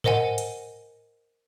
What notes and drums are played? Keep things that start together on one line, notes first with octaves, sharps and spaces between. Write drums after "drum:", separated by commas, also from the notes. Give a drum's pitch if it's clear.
A#4 C5 D#5 F#5 G#5, drum: tom G#2
drum: hi-hat